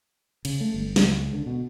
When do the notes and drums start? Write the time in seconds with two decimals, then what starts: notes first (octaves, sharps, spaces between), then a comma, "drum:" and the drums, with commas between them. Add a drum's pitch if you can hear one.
0.45 C#3, drum: cymbal
0.61 A3
0.74 G1
0.96 C#2, drum: snare
1.33 D3
1.46 B2